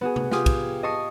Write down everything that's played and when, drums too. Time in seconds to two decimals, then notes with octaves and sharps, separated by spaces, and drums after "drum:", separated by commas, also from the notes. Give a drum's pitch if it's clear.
0.01 B3 F#4 G#4
0.16 drum: tom C3
0.31 F4 G4 G#4 D#6, drum: snare
0.46 drum: kick, cymbal
0.83 D#5 A5 C#6 D#6 C7